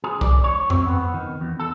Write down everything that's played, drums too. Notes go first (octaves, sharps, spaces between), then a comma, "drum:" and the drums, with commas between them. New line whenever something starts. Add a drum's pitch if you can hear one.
G#4
D5, drum: kick C2
C#5
C4, drum: tom F2
B3
D#3
E2
A4